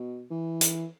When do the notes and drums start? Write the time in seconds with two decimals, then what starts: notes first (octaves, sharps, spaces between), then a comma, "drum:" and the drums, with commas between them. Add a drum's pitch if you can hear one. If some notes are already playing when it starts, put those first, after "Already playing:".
Already playing: B2
0.31 E3
0.61 drum: hi-hat